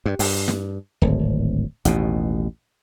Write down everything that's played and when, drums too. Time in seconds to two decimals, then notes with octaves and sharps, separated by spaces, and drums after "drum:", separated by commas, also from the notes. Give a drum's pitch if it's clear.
0.06 G2
0.19 G2, drum: open hi-hat
0.48 drum: snare
1.02 D1 G#1
1.85 A1 D#2 B2, drum: hi-hat